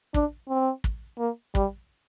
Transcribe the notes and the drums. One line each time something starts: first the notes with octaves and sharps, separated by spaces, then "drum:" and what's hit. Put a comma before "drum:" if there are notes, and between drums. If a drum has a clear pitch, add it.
D4, drum: kick
C4
drum: kick
A#3
G3, drum: kick